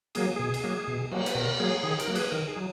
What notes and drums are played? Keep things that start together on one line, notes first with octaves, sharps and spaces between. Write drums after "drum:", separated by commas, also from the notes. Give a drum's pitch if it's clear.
F#3 A#3 G#4, drum: cymbal
B2 G#4
drum: cymbal
F#3 A#3
B2
F#3 A#3, drum: cymbal
B4, drum: hi-hat
B2 A#4
F#3 A#3 G#4
D#3 G#4
A#4, drum: hi-hat
F#3 A#3
G#4 B4, drum: cymbal
D#3 A#4
G#4
F#3